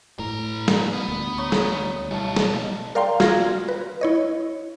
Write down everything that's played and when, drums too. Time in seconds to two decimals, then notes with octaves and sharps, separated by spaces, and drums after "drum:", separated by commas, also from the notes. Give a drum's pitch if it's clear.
0.19 A2 B4 A#5
0.68 drum: snare
0.93 B3
1.08 D2
1.38 C#5 A#5 C#6
1.52 drum: snare
2.11 B1 G3 E4 A5
2.36 drum: snare
2.95 A#4 D5 F5 G5 A#5 C6
3.20 F4 F#4 F5 F6 G#6 A#6, drum: snare
3.69 B4
4.01 E4 C#5 D#5